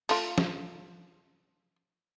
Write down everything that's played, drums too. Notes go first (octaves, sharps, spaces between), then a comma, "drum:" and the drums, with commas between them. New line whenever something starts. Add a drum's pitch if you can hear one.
A3 F4, drum: open hi-hat
drum: snare